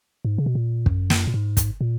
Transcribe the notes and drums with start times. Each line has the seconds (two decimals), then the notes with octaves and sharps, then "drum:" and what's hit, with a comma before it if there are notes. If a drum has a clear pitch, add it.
0.25 G#2
0.38 C#3
0.46 B2
0.55 A#2
0.86 F#2, drum: kick
1.10 drum: snare
1.27 A#2
1.34 G#2
1.57 drum: kick, hi-hat
1.81 A#2